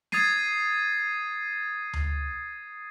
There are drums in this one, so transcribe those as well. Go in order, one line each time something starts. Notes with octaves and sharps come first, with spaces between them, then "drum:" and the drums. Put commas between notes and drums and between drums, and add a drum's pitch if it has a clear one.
D#6 G#6 A6 C7 D#7, drum: snare
drum: tom D2